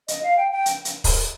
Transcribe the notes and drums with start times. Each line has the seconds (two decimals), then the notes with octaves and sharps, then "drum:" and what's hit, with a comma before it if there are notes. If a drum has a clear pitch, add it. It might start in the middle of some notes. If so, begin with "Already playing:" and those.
0.08 D#5, drum: hi-hat
0.23 F5
0.37 G5
0.51 G5
0.66 drum: hi-hat
0.85 drum: hi-hat
1.04 drum: kick, open hi-hat